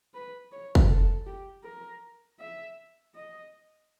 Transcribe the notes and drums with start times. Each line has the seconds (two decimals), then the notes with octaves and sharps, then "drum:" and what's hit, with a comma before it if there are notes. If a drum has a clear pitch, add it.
0.14 B4
0.52 C#5
0.75 drum: kick
0.89 A4
1.26 G4
1.64 A#4
2.39 E5
3.15 D#5